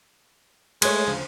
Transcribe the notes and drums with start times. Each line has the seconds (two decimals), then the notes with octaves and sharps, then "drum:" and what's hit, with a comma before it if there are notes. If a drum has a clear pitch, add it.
0.82 G#3 A3 B4 C#5, drum: cymbal
1.06 D2 C#3 F3